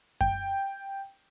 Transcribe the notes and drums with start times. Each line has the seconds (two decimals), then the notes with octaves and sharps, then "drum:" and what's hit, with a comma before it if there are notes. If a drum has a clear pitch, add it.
0.21 G5, drum: kick F#2